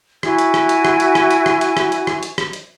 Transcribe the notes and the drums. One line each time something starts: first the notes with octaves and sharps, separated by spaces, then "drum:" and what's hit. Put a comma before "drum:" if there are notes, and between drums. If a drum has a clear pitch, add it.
E4 F#4 G#5 G#6, drum: rim click
drum: hi-hat
drum: rim click
drum: hi-hat
drum: rim click
drum: hi-hat
drum: rim click
drum: hi-hat
drum: rim click
drum: hi-hat
drum: rim click
drum: hi-hat
drum: rim click
drum: hi-hat
drum: rim click
drum: hi-hat